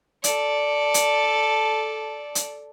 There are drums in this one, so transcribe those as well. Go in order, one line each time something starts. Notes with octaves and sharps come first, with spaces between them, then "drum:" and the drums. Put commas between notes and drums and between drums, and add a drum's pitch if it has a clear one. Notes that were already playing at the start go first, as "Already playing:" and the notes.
A4 D5, drum: hi-hat
drum: hi-hat
drum: hi-hat